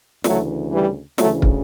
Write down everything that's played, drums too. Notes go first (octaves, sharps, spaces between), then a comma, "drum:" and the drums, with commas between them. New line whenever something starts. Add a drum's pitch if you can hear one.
D2 C#3 E3 F#3 A3, drum: snare
E3 G3
D2 C#3 E3 F#3 A3, drum: snare
drum: kick